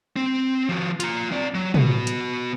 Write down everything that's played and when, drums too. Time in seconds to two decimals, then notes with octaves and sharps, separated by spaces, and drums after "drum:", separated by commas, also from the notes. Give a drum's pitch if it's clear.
0.16 C4
0.69 F3 F#4
1.00 F4 A#5, drum: hi-hat
1.32 C4 D5
1.54 F#3
1.74 B3 F#4, drum: tom
2.07 drum: hi-hat